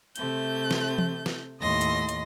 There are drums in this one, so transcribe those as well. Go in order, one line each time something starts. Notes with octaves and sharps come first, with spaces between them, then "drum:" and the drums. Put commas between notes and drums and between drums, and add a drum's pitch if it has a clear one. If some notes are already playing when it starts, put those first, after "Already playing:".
C3 A3 G6, drum: hi-hat
drum: snare
drum: tom E3
drum: snare
D#2 A2 D#5 C6 A#6
drum: hi-hat
drum: hi-hat